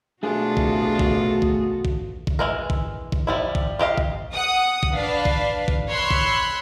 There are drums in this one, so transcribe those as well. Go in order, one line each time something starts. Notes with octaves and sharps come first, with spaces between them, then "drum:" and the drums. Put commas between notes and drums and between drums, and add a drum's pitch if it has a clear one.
C2 B2 A3 D4 F4 F#4 G#4 A4
drum: kick A1
drum: kick A1
drum: kick A1
drum: kick A1
drum: kick A1
E3 G#3 A#4
drum: kick A1
drum: kick A1
F3 G3 E4
drum: kick A1
D4 G4 D#5 F5
drum: kick A1
F#5 D#6
drum: kick A1
D4 B4 F5
drum: kick A1
drum: kick A1
C#5 B5 C6 E6 F#6
drum: kick A1